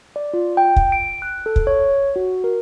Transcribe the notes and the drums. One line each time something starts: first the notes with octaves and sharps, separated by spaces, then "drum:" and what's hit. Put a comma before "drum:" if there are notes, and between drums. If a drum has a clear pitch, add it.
D5
F4
G5
drum: kick
D7
F#6
A4
drum: kick
C#5
F#4
A#4